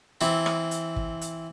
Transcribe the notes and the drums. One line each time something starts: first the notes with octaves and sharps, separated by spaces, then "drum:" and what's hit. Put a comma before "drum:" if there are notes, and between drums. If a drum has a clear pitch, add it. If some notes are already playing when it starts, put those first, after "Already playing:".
E3 C4, drum: hi-hat
drum: rim click
drum: hi-hat
drum: kick
drum: hi-hat